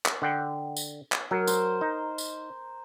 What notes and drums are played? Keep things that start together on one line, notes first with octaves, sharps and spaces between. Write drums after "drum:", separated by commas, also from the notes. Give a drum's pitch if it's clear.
drum: clap
D3 F#5 G5
drum: tambourine
drum: clap
F#3 A#4
C5, drum: tambourine
D#4
drum: tambourine